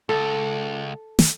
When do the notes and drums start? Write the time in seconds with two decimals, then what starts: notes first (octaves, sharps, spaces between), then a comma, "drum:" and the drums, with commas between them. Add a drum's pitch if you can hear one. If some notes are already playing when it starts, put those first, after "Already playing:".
0.09 C#2 A4
1.19 drum: snare